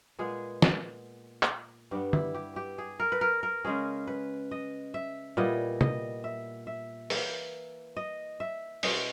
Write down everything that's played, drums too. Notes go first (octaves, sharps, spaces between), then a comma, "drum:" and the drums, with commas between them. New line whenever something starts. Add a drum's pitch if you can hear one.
A#2 G#3 B3 G#4
drum: snare
drum: clap
G2 G3 B3 G4
E4, drum: tom
G4
G4
G#4
A#4
B4
A#4
A#4
C#3 G#3 C#4 G#4
B4
D#5
E5
A#2 G3 B3 E4 D#5
D#5, drum: tom
E5
E5
E3 A#3 E4, drum: open hi-hat
D#5
E5
B2 G#3 C#4 E4 D#5, drum: open hi-hat